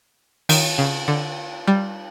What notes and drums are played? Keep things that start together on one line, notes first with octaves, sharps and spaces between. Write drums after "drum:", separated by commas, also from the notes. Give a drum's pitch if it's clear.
D#3, drum: cymbal
C#3
D3
G3